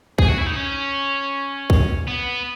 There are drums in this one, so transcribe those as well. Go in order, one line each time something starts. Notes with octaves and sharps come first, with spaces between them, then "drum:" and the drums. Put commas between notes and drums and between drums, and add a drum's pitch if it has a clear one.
G#4, drum: kick
F#4
E4
D#4
C#4
drum: kick
B3